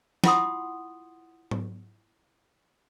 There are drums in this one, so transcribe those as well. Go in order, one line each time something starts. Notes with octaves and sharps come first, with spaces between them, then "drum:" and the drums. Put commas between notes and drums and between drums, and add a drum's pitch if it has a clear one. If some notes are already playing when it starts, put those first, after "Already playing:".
E4 F4 F#5 C6 D#6, drum: snare
drum: tom G#2